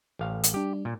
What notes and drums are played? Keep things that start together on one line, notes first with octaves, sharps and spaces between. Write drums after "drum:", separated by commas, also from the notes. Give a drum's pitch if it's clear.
A1 F5
drum: hi-hat
G3 D4 G4
A#2